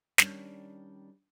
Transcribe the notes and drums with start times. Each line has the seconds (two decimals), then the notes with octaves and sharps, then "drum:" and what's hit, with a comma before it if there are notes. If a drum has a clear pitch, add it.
0.18 D#3 G3 C#4 D4, drum: snare